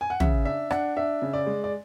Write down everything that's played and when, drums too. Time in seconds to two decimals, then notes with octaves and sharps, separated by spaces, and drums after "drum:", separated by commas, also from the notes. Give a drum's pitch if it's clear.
0.01 G#5
0.10 F#5
0.20 C#3 E5, drum: tom
0.45 D4 E5
0.71 D4 F#5, drum: rim click
0.96 D4 E5
1.22 C#3
1.33 D5
1.46 G#3
1.64 D5